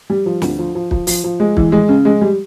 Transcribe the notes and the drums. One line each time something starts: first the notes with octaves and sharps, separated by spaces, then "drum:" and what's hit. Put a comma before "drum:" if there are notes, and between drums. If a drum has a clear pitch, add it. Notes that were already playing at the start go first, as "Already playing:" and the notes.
G3
F3
D2, drum: snare
F3
F3
F3, drum: kick
F3, drum: open hi-hat
F3
G#3
E3, drum: kick
G#3
C#3
G#3
G3